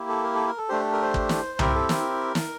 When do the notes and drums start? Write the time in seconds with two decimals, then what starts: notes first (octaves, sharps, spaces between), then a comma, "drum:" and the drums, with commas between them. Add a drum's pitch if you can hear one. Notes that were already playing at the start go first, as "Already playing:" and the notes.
Already playing: A#3 E4 G4
0.09 A4
0.24 A#4
0.35 A4
0.47 A#4
0.58 A4
0.69 A3 D4 G4 C5
0.80 A4
0.92 A#4
1.02 C5
1.14 drum: kick
1.29 drum: snare
1.59 C4 E4 G4 A#4, drum: tom C2
1.75 A4
1.89 A#4, drum: snare
2.35 drum: snare